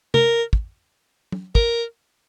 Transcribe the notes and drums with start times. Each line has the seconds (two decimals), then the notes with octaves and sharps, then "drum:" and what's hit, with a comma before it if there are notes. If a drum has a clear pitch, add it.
0.14 A#4, drum: tom C3
0.53 drum: kick
1.32 drum: tom
1.55 A#4, drum: kick